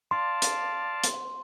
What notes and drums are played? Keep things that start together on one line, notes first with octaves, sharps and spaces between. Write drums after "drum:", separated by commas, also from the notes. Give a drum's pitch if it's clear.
D5 F5 A5 C6
drum: hi-hat
drum: hi-hat